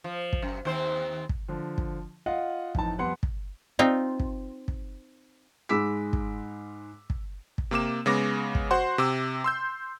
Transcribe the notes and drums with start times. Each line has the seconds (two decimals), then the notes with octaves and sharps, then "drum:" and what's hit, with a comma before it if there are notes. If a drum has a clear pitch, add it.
0.04 F3
0.33 drum: kick
0.42 F#2
0.65 D#2 C4 C5
1.29 drum: kick
1.48 D3 F3
1.78 drum: kick
2.26 F4 D#5 F5 F#5
2.75 F2 A2 E3 D#4 A5, drum: kick
2.98 F2 G3 B3 F#5 C6 C#7
3.23 drum: kick
3.79 C4 D#4 F4
4.20 drum: kick
4.68 drum: kick
5.69 G#2 G#3 B5 D6 E6 B6
6.13 drum: kick
7.10 drum: kick
7.58 drum: kick
7.71 C3 A#3 D6 E7
8.06 C#3 G#3 B3 D6 A#6
8.55 drum: kick
8.71 F#4 C5 F#5 C6
8.98 C3 D6 E6
9.44 C6 E6 G6